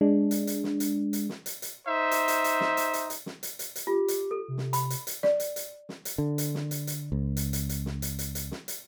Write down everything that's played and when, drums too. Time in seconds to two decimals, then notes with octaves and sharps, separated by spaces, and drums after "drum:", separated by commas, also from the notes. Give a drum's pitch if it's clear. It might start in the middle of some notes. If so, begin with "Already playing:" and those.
0.01 G#3 D4
0.31 drum: hi-hat
0.47 drum: hi-hat
0.64 drum: snare
0.80 drum: hi-hat
1.13 drum: hi-hat
1.29 drum: snare
1.46 drum: hi-hat
1.62 drum: hi-hat
1.87 D#4 C5 E5
2.11 drum: hi-hat
2.28 drum: hi-hat
2.44 drum: hi-hat
2.61 drum: snare
2.77 drum: hi-hat
2.93 drum: hi-hat
3.10 drum: hi-hat
3.26 drum: snare
3.43 drum: hi-hat
3.59 drum: hi-hat
3.76 drum: hi-hat
3.87 F4 G4
4.08 drum: hi-hat
4.31 A4
4.48 C3
4.58 drum: snare
4.73 B5, drum: hi-hat
4.90 drum: hi-hat
5.07 drum: hi-hat
5.23 D5, drum: snare
5.40 drum: hi-hat
5.56 drum: hi-hat
5.89 drum: snare
6.05 drum: hi-hat
6.18 D3
6.38 drum: hi-hat
6.54 drum: snare
6.71 drum: hi-hat
6.87 drum: hi-hat
7.12 C#2
7.37 drum: hi-hat
7.53 drum: hi-hat
7.69 drum: hi-hat
7.86 drum: snare
8.02 drum: hi-hat
8.19 drum: hi-hat
8.35 drum: hi-hat
8.51 drum: snare
8.68 drum: hi-hat